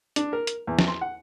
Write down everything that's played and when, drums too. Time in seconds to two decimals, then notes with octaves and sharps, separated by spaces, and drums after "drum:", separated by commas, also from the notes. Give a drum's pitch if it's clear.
0.16 D4, drum: hi-hat
0.33 A#4
0.47 drum: hi-hat
0.67 E2
0.79 drum: snare
0.88 C6
1.01 F#5